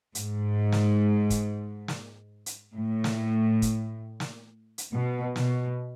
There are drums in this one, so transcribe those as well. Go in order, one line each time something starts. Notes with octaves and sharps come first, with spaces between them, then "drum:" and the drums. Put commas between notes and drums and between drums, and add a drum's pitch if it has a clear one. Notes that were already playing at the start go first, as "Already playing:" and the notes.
G#2, drum: hi-hat
drum: snare
drum: kick, hi-hat
drum: snare
drum: hi-hat
A2
drum: snare
drum: kick, hi-hat
drum: snare
drum: hi-hat
B2
B2, drum: snare